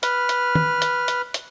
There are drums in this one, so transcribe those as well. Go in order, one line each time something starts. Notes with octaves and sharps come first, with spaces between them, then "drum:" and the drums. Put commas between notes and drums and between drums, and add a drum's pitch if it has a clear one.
B4 F6, drum: hi-hat
drum: hi-hat
drum: tom
drum: hi-hat
drum: hi-hat
drum: hi-hat